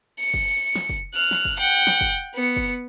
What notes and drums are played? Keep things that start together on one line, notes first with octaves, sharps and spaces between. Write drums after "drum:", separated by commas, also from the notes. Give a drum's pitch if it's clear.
C#7
drum: kick
drum: snare
drum: kick
F6 F#6
drum: snare
drum: kick
F#5 G5
drum: snare
drum: kick
B3 C#7
drum: kick